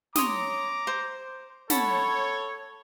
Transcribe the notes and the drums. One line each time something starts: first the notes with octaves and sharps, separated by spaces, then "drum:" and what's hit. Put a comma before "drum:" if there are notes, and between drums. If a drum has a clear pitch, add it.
C#5 A#5 C6 D6 D#6, drum: snare
C5
A4 C#5 F#5 A5 B5, drum: snare